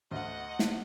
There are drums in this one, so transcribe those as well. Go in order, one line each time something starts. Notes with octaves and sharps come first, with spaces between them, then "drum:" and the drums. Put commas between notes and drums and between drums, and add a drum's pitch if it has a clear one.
D2 D#5 F#5
drum: snare